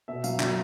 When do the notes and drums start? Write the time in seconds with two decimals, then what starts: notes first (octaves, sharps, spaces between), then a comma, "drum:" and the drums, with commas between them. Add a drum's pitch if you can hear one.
0.08 B2 E5
0.24 F#3 F5, drum: tambourine
0.40 F#3 E5, drum: clap